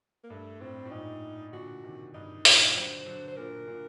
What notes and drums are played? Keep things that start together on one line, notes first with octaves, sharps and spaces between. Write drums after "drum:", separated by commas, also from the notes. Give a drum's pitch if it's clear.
A#3
G2 A3
A2 C4
A2
G2 A#2 D#4
A#2 D3 F#4
C3 D#3
G2 D#4
G2 A#2, drum: open hi-hat
G3
D3 F#3 C5
D3 F#3
C5
A#2 D3 A#4
A#2 D3